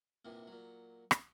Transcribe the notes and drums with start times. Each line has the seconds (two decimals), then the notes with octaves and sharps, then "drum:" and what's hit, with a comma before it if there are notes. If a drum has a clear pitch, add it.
0.25 A#1 D#2 C3 E3
0.47 A#2 F#3
1.11 drum: rim click